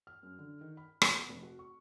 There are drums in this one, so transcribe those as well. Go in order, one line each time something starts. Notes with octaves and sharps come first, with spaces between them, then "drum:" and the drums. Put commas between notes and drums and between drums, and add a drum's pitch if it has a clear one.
F6
F#2
D3
D#3
B5
drum: rim click
B3
F1
F#4
C#6